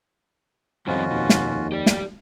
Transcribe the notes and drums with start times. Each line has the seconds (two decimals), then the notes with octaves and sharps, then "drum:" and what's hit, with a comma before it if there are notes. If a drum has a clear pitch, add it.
0.87 F2 G#2 D#3 G3 C#4 F4 F#4 D#5
1.10 D#2 B2
1.29 drum: snare
1.72 G4 D5
1.86 drum: snare